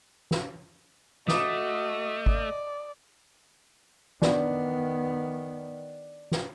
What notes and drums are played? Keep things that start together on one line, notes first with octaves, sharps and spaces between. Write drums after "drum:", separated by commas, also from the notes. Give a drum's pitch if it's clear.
drum: snare
A3 F#4 D#5 D6 D#6, drum: snare
D5, drum: kick G#1
D#3 B3 D4, drum: snare
drum: snare